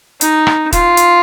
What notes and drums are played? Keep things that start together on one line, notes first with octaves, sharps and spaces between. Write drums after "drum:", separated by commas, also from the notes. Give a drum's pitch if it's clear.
D#4, drum: hi-hat
drum: rim click
F4, drum: kick, hi-hat
drum: hi-hat